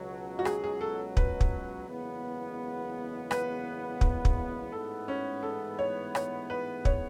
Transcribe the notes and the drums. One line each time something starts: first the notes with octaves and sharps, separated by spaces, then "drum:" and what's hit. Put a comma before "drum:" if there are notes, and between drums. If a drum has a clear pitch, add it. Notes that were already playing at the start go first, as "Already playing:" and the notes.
Already playing: C#2 B2 F#3
F#4
G#4, drum: rim click
G#4
A4
B4, drum: kick
drum: kick
F#1 E2 C#3 G#3 B3
B4, drum: rim click
drum: kick
drum: kick
A1 G#2 E3 G#3 B3 A4
C#4
A4
C#5
C#5, drum: rim click
B4
C#5, drum: kick